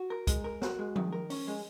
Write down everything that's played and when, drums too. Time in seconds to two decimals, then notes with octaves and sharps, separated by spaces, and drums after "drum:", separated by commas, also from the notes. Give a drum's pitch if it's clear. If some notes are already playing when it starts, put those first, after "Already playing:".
Already playing: F#4
0.10 A#4
0.27 G#3, drum: kick, hi-hat
0.44 A#4
0.62 F#4, drum: snare
0.79 G#3
0.96 D#3, drum: tom F3
1.12 A#4
1.30 C#4, drum: open hi-hat
1.48 G#3